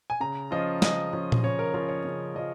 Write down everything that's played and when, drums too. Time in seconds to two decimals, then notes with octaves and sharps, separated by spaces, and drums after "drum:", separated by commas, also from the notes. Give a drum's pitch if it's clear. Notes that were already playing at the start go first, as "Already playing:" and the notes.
0.10 G#5
0.20 C#3 A#5
0.51 F3 C#4 F4 D#5
0.82 C#3 D#5, drum: snare
1.13 F3 C#4 F4
1.32 drum: tom A#2
1.43 C#3 C#5
1.59 A#4
1.74 F3 C#4 F4 A#4
1.89 C#5
2.05 C#3
2.35 F3 C#4 F4 D#5